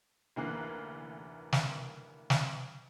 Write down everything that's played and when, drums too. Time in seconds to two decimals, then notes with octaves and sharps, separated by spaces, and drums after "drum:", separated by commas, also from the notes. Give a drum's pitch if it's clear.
0.36 F1 D2 E3 A#3 F#6 C7
1.53 drum: snare
2.30 drum: snare